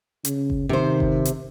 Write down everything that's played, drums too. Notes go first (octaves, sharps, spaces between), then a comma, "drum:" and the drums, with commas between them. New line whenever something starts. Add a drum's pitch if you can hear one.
C#3, drum: hi-hat
drum: kick G1
C3 D#3 C5
drum: kick G1
drum: hi-hat